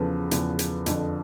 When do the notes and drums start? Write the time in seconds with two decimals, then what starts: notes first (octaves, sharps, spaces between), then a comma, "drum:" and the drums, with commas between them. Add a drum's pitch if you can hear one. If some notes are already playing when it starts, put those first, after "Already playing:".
Already playing: E2 C#3 F3 A4 B4
0.31 E2 C#3 F3, drum: hi-hat
0.59 drum: hi-hat
0.86 F2 D3 F3, drum: hi-hat